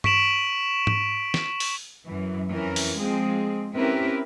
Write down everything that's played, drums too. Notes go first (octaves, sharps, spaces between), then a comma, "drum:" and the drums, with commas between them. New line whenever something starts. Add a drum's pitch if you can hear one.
C#6 B6 D7 E7 F#7, drum: tom G2
drum: tom G#2
drum: snare
drum: open hi-hat
F#2 E3
F2 E3 C#4 A#4
drum: open hi-hat
F3 G#3 C4 G#4
C4 C#4 E4 G4 A#4 B4